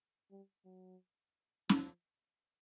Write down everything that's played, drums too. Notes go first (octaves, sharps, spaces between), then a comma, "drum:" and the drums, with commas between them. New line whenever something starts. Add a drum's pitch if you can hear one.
G3
F#3
F3, drum: snare C#4